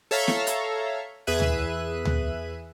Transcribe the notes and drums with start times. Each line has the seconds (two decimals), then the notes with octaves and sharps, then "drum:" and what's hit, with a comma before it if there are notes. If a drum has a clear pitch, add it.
0.11 A4 C#5 E5 F5 A#5
0.28 drum: snare
0.47 drum: hi-hat
1.27 E2 G#4 B4 E5 F#6 D#7
1.40 drum: tom D2
2.05 drum: tom D2